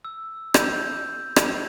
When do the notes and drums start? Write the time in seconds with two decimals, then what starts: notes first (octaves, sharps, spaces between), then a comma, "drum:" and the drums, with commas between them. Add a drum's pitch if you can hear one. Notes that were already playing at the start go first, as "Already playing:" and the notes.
0.05 E6
0.54 G6, drum: rim click
1.36 drum: rim click